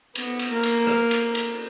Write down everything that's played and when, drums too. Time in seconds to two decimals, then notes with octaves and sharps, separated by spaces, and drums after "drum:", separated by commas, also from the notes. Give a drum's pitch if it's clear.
0.15 B3, drum: cymbal
0.39 drum: cymbal
0.51 A#3
0.63 drum: cymbal
0.87 drum: rim click
1.11 drum: cymbal
1.35 drum: cymbal